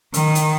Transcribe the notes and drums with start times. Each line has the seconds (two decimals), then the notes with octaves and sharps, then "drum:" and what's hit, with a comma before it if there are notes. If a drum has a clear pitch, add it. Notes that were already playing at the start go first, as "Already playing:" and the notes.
0.14 D#3, drum: hi-hat
0.35 drum: hi-hat